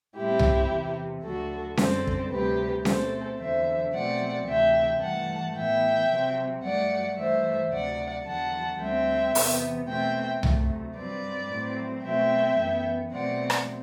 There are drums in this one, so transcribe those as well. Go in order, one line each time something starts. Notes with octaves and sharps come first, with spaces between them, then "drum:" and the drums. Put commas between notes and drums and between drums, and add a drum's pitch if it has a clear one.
A2 G3 C4 E4 G4
drum: tom C2
E2 C3 E3
D2 D3 F#3 F#4 A4
F#2 D3 G3 C4 A4 C5, drum: snare C#4
drum: kick
D2 C3 G3 C4 G4 B4
B2 A3 C4 A4 C5, drum: snare C#4
E2 D3 F#3 C5 E5
B2 F#3 A3 C4 D5 F#5
D2 C3 E3 E5 G5
G2 E3 A3 F#5 A5
A2 E3 B3 E5 G5
C3 F#3 C4
G2 F#3 A3 D5 F#5
G2 E3 A3 C5 E5
D2 C3 F#3 D5 F#5
E2 D3 F#3 F#5 A5
D2 D3 G3 C4 E5 G5
E2 C3 E3 B3, drum: open hi-hat
B2 A3 C4 E5 G5
D2 C3 F#3 A3, drum: tom C2
G2 F#3 C4 B4 D5
A2 F#3 C4
B2 F#3 A3 C4 E5 G5
F#2 E3 B3
B2 F#3 A3 C4 D5 F#5
drum: rim click